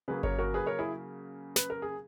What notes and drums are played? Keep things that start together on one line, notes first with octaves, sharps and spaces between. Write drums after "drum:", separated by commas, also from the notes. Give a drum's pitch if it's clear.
C#3 F#3 A#3 G#4 B4
A#4 C#5, drum: kick G1
F#4 A#4
G#4 B4
A#4 C#5
E4 G#4
B4, drum: snare
A#4
G#4